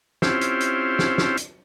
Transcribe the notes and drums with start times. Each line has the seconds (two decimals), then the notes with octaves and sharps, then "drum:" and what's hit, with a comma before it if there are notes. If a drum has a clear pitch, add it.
0.22 C4 C#4 E4 F4 G4 C5, drum: snare
0.41 drum: hi-hat
0.61 drum: hi-hat
0.99 drum: snare
1.18 drum: snare
1.37 drum: hi-hat